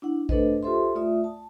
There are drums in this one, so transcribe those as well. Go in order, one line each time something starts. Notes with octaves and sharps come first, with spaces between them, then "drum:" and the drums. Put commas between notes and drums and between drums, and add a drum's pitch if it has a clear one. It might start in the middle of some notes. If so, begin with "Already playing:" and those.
D4 E4 F#5
A3 D4 A4 B4 C5 D#5, drum: kick A1
F4 G4 A4 C5 E5 C6
A3 F4 D5 E5 D#6
A5